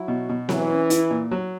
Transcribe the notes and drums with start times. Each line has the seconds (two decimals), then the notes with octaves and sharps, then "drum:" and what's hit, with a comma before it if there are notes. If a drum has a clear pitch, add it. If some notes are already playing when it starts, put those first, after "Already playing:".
Already playing: F#3 E4
0.08 B2
0.29 B2
0.49 E3 F#3, drum: snare C4
0.70 C#4
0.90 E4, drum: hi-hat
1.11 A#2
1.31 F#3